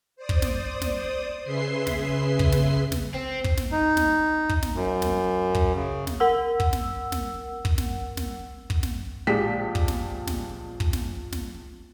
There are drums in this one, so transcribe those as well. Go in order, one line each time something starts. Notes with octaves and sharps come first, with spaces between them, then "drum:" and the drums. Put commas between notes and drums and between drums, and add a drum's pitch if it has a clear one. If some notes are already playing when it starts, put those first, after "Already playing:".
C5 D5 D#6
drum: kick
drum: snare
drum: snare
C#3 G#4 B4 E5 C6 C7
drum: snare
drum: kick
drum: snare
drum: snare
C4
drum: kick
drum: snare
D#4
drum: snare
drum: kick
drum: snare
F#2
drum: snare
drum: kick
C#3
drum: snare
A#4 F#5 E6
drum: kick
drum: snare
drum: snare
drum: kick
drum: snare
drum: snare
drum: kick
drum: snare
A#1 G#3 G4 B6
drum: kick
drum: snare
drum: snare
drum: kick
drum: snare
drum: snare